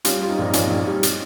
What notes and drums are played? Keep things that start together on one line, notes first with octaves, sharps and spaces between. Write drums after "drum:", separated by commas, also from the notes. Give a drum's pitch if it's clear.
G3 C#4 F4, drum: hi-hat
G3 F4
C4 D#4
A#1
D#4
A#1 C#4 F4, drum: hi-hat
A#1
G3
drum: hi-hat